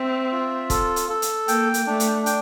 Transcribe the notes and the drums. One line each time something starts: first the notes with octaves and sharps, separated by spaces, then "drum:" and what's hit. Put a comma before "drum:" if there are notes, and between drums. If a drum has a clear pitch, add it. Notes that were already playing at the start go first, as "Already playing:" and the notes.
Already playing: C4 E5
F4
A4, drum: kick, hi-hat
drum: hi-hat
A4
drum: hi-hat
A#3 G5, drum: hi-hat
drum: hi-hat
A3 D4
drum: hi-hat
G5, drum: hi-hat